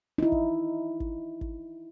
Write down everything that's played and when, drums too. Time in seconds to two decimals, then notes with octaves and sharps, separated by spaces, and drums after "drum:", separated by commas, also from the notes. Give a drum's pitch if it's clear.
0.18 D#4 E4
0.32 drum: kick
1.00 drum: kick
1.41 drum: kick